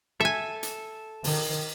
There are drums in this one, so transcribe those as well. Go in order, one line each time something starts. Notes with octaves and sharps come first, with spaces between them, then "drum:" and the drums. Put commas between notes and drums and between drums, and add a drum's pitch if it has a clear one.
A4 E5 G#5
drum: hi-hat
D#3, drum: open hi-hat